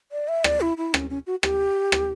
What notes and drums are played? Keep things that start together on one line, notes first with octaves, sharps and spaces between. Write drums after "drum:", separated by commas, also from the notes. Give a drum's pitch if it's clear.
D5
E5
D5, drum: rim click
E4
E4
C#4, drum: rim click
C#4
F#4
G4, drum: rim click
drum: rim click